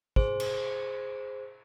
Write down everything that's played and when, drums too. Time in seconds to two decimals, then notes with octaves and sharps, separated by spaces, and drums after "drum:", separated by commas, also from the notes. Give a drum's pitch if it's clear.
0.16 G#4 C5, drum: kick
0.40 drum: cymbal